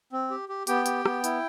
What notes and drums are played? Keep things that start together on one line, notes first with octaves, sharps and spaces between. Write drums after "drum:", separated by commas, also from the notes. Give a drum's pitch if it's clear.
C4
G4
G4
B3 G4 G5, drum: hi-hat
G4, drum: hi-hat
B3, drum: rim click
E4, drum: hi-hat